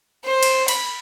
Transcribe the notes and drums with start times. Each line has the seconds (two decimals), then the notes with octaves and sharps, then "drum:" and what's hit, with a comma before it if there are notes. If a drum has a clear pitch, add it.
0.24 C5
0.43 drum: cymbal
0.68 B5, drum: cymbal